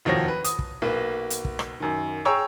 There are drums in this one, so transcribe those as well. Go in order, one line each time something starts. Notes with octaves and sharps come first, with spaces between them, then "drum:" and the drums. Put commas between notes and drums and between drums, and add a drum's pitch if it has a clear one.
F1 D#2 F3 F#4 C#5 A#6
B4
D#6, drum: hi-hat
drum: kick
B1 A#3 B4
drum: hi-hat
drum: kick
drum: rim click
F#2 D#3
G#4 C#5 G5 A#5 C#6 E6